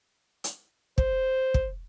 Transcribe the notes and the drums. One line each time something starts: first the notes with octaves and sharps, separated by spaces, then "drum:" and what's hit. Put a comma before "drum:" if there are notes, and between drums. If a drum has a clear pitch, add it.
drum: hi-hat
C5, drum: kick
drum: kick